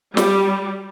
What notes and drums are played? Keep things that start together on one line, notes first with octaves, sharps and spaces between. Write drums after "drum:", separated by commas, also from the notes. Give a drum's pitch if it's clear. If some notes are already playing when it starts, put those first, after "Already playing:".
G3, drum: snare